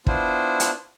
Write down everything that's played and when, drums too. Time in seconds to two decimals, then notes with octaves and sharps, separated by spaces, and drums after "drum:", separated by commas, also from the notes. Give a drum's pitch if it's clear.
0.07 B3 D4 E4 F4 C5, drum: kick
0.60 drum: hi-hat